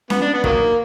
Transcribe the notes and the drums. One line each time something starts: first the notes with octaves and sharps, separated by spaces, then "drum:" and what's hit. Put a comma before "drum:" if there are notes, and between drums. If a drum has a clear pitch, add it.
B3, drum: snare C#4
D4
B3
D#3 F#3 A#3, drum: kick